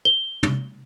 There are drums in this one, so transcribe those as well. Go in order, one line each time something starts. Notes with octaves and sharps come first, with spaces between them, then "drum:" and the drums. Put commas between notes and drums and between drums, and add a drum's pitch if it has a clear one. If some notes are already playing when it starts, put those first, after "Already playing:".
G7
drum: tom